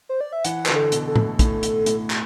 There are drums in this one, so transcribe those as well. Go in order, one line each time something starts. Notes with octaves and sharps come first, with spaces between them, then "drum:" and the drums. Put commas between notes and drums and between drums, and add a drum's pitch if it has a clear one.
C5
D5
E5
E3 F#5, drum: hi-hat
D3 B4, drum: clap
A4
B2, drum: hi-hat
A4
A2, drum: tom A2
A2, drum: kick, hi-hat
drum: hi-hat
A2, drum: hi-hat
drum: clap